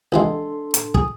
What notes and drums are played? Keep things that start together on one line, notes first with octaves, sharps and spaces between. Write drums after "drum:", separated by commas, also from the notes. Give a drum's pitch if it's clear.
C2 E3 G#3 D4 A4 C6
drum: hi-hat
G#4, drum: kick